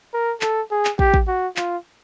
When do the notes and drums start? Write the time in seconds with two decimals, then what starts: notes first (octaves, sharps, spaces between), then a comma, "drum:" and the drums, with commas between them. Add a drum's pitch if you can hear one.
0.14 A#4
0.41 A4, drum: clap
0.71 G#4
0.85 drum: clap
0.99 G4, drum: kick
1.14 drum: kick
1.27 F#4
1.57 F4, drum: clap